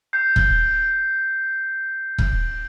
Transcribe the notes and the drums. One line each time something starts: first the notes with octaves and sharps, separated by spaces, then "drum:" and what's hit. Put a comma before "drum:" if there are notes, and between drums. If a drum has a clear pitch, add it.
G6 C7
drum: kick E1
drum: kick E1